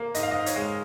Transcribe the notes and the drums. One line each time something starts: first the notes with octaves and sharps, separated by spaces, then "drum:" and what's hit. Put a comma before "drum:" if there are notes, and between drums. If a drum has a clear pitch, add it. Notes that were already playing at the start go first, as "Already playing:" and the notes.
Already playing: A#3
G#2 D#5, drum: hi-hat
F5
G#2 D#5
C#5, drum: hi-hat
G#3